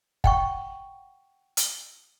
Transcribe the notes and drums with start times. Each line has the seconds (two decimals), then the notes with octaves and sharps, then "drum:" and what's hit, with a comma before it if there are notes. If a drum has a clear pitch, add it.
0.24 F#5 G5 C#6, drum: kick
1.57 drum: hi-hat